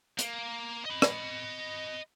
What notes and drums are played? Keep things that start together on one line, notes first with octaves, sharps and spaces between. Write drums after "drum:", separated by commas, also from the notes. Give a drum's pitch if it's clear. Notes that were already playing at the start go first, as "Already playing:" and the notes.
A#3, drum: hi-hat
D#5 B5
drum: rim click